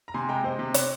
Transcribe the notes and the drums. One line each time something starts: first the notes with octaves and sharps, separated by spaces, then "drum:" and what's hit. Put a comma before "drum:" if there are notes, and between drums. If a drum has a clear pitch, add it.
A#5
C3 G#5 C6
G#3 G5 A#5
C3 C5 D#5
C3
C3, drum: hi-hat